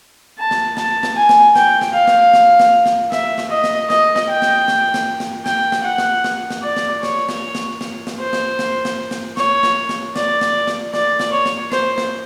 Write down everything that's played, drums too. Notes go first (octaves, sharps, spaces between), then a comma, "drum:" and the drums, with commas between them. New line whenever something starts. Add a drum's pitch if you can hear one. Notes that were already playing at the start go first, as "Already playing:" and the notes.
A5
drum: snare
A5, drum: snare
drum: snare
G#5
drum: snare
G5, drum: snare
drum: snare
F5
drum: snare
drum: snare
drum: snare
drum: snare
E5, drum: snare
drum: snare
D#5
drum: snare
D#5, drum: snare
drum: snare
G5
drum: snare
drum: snare
drum: snare
drum: snare
G5, drum: snare
drum: snare
F#5
drum: snare
drum: snare
drum: snare
D5
drum: snare
C#5, drum: snare
drum: snare
drum: snare
drum: snare
drum: snare
C5
drum: snare
drum: snare
drum: snare
drum: snare
C#5, drum: snare
drum: snare
drum: snare
D5, drum: snare
drum: snare
drum: snare
D5, drum: snare
drum: snare
C#5
drum: snare
C5, drum: snare
drum: snare